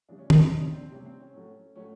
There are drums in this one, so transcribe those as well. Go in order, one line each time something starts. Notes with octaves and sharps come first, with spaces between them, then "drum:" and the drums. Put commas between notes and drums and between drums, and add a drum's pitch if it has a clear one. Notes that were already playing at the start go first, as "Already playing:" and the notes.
C#3 E3 G3 D4
C#4
C4, drum: tom
C#4
C3 E3 G3 D#4
D4
C4
C4
C3 E3 G3 C#4
C4
C#4
A2 F#3 A3
A2 F#3 A3 C#4